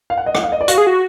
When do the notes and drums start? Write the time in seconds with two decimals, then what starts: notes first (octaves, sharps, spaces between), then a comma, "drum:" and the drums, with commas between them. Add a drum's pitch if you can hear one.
0.10 F5
0.18 F#5
0.26 D#5
0.35 F#5, drum: rim click
0.43 F5
0.52 D#5
0.61 D5
0.68 F#4 F5, drum: hi-hat
0.78 G#4
0.87 F#4